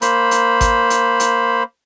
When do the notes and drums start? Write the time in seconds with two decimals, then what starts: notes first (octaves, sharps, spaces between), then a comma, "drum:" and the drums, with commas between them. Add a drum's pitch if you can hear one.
0.02 A#3 C5 B5, drum: hi-hat
0.31 drum: hi-hat
0.61 drum: kick G#1, hi-hat
0.90 drum: hi-hat
1.20 drum: hi-hat